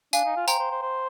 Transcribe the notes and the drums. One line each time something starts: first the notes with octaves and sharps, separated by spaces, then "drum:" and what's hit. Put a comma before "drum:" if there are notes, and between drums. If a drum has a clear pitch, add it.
D4 F5 G#5, drum: tambourine
D#4
F4
C5 G5 A#5, drum: tambourine
C5
C5
C5